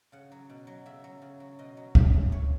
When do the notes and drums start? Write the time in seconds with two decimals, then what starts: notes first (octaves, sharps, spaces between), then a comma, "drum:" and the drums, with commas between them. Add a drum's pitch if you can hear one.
0.12 C#3 F#5
0.32 F#3
0.49 B2
0.67 F#3
0.86 C#3 E5
1.04 F#3
1.22 C#3
1.40 F#3
1.59 B2 D#5
1.77 F#3
1.95 C#3, drum: kick
2.13 E3
2.32 A2 C#5